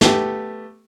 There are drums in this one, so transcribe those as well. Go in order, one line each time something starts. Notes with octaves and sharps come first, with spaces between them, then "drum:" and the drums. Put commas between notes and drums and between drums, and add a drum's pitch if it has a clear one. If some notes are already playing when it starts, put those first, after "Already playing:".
A3 B3 G4, drum: snare